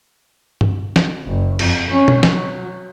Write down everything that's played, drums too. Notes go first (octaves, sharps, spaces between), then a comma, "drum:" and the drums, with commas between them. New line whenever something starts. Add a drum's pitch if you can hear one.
drum: tom G2
drum: snare
F#1
F2, drum: cymbal
C#4
drum: tom B2
F#3, drum: snare